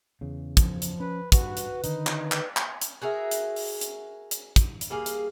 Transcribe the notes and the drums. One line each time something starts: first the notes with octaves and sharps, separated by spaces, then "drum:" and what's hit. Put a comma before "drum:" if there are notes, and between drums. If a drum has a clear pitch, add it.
E2 C#3
F3, drum: kick, hi-hat
drum: hi-hat
C#4 B4
G2 F#4 B4, drum: kick, hi-hat
drum: hi-hat
D3 D#3 D#4, drum: hi-hat
drum: clap
drum: clap
drum: clap
drum: hi-hat
F#4 G#4 A#4 E5
drum: hi-hat
drum: open hi-hat
drum: hi-hat
drum: hi-hat
drum: kick, hi-hat
drum: hi-hat
G3 A#3 G#4 F5
drum: hi-hat